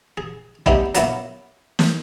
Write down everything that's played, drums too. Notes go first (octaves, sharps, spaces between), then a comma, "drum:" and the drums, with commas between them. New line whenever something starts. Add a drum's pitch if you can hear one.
G#4
G3 A3 B3 C4 D#4 G4, drum: kick
F#3 A#3 B3 C#4 E4, drum: hi-hat
drum: snare